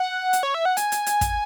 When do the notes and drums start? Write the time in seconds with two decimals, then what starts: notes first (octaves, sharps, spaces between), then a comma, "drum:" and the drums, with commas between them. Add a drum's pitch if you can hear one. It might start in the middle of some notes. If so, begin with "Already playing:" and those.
Already playing: F#5
0.33 drum: hi-hat
0.43 C#5
0.54 E5
0.65 F#5
0.77 G#5, drum: hi-hat
0.92 drum: hi-hat
1.06 drum: hi-hat
1.21 drum: kick, hi-hat